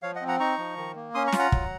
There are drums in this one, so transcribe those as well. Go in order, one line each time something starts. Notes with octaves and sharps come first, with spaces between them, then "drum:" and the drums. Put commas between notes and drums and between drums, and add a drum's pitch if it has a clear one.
F3 C#5 F5
D#5 F#5
C4
F#5 A#5
D#4 A#5 C#6
F3
D#3
A#3
C#4 C6 D#6
A#5 C#6
F4, drum: snare
F#5 A#5
F#3, drum: kick